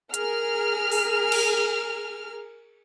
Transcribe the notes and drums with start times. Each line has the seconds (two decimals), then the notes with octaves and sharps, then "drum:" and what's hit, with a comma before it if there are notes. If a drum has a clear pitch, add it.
0.14 G#4 A#4 F6, drum: hi-hat
0.92 drum: open hi-hat
1.32 drum: cymbal